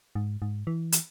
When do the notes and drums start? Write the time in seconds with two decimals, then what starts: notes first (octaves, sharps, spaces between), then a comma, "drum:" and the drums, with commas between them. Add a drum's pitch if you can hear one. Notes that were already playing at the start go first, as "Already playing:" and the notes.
0.15 G#2
0.42 G#2
0.67 E3
0.92 drum: hi-hat